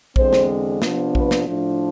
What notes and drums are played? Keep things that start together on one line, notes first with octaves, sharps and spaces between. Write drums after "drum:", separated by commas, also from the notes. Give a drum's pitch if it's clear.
E2 D3 G#3 C4 C5, drum: kick A#1
drum: snare
C3 F3 B3 D4, drum: snare
B4, drum: kick A#1
drum: snare
A2 F3 A3 D4